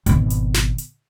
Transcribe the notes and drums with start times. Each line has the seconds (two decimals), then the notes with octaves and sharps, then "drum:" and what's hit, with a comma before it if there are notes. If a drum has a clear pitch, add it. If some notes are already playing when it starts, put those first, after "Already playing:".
0.06 G#1 B2, drum: hi-hat
0.30 drum: hi-hat
0.54 drum: snare
0.78 drum: hi-hat